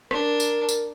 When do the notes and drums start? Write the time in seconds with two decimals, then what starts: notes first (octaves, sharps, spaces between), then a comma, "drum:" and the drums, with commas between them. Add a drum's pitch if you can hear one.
0.11 D4 A#4, drum: rim click
0.40 drum: tambourine
0.69 drum: tambourine